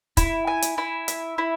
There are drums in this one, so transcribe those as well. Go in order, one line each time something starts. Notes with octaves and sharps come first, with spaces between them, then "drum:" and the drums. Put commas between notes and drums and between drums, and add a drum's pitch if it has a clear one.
E4, drum: kick, hi-hat
G#5
drum: hi-hat
E4
E5, drum: hi-hat
E4